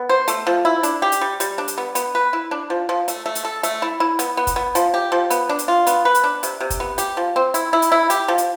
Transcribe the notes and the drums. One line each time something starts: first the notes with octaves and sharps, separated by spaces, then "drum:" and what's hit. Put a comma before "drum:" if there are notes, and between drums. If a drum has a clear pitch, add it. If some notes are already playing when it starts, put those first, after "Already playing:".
Already playing: B3
C5
A3, drum: hi-hat
F3
E4
D4, drum: hi-hat
G4
drum: hi-hat
G3
G3, drum: hi-hat
D4
drum: hi-hat
B3
B3, drum: hi-hat
B4
E4
D4
F3
F3
A3, drum: hi-hat
A3
drum: hi-hat
A4
A3, drum: hi-hat
E4
E4
B3, drum: hi-hat
B3
drum: kick, hi-hat
B3
F3, drum: hi-hat
G4
F3
B3, drum: hi-hat
D4
drum: hi-hat
F4
B3, drum: hi-hat
B4
drum: hi-hat
D4
C3, drum: hi-hat
C3
drum: kick, hi-hat
B3
G4, drum: hi-hat
F3
C4
E4, drum: hi-hat
E4
drum: hi-hat
E4
G4, drum: hi-hat
F3
drum: hi-hat